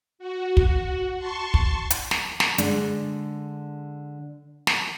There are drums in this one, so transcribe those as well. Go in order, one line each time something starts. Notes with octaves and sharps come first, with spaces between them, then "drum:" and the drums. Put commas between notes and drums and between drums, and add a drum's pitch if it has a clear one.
F#4
F#4, drum: kick
A5 C6 C#6
drum: kick
drum: hi-hat
drum: snare
drum: snare
D3 G#3 D4, drum: hi-hat
drum: snare